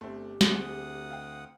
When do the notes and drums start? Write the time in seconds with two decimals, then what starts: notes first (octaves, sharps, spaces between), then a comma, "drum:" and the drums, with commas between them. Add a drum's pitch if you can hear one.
0.01 G1 A3 C4 G4
0.41 D2 C4 G#4 F#5 D#6, drum: snare
1.10 F5 G5